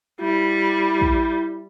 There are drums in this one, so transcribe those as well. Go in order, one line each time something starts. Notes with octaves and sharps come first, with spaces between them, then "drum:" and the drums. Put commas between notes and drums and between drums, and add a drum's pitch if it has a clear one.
G3 E4
drum: kick